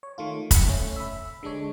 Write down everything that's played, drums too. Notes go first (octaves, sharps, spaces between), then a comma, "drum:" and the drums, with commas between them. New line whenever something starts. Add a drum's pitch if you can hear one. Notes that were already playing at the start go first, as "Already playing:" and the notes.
C#5
D#3 A3 F4
B5 C#7, drum: kick, hi-hat
A3 C#4
E5 B5
D3 G#3 D4 C#5